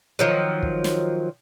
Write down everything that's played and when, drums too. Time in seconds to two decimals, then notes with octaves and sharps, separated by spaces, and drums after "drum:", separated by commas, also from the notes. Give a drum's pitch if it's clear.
0.19 D#3 F3 F#3
0.63 drum: kick
0.84 drum: snare